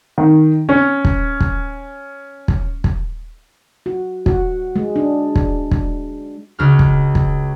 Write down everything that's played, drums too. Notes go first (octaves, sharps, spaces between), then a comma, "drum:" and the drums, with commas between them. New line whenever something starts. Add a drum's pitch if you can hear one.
D#3
C#4
drum: kick
drum: kick
drum: kick
drum: kick
F#4
F#4, drum: kick
G#3
D4
drum: kick
drum: kick
C#2 F#4 F6
drum: kick
drum: kick